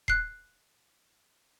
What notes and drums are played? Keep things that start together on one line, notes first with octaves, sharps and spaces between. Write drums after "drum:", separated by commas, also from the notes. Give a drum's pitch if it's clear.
F#6 C7, drum: kick D#1